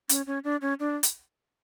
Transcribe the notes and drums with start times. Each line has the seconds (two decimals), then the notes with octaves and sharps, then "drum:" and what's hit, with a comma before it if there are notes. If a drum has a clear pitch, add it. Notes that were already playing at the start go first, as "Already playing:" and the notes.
0.09 C#4, drum: hi-hat
0.27 C#4
0.44 D4
0.62 C#4
0.80 D4
1.03 drum: hi-hat